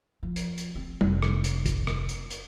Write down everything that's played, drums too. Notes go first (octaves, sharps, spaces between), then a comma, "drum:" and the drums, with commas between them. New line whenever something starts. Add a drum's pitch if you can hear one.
F3
drum: hi-hat
drum: hi-hat
C4
F1, drum: tom
drum: rim click
drum: hi-hat
drum: kick, hi-hat
drum: rim click
drum: hi-hat
drum: hi-hat